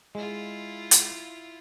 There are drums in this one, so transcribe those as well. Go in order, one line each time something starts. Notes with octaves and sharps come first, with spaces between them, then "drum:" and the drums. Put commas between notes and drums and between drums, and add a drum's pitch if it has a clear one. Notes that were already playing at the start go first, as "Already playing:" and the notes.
G#3 E4 F4
drum: hi-hat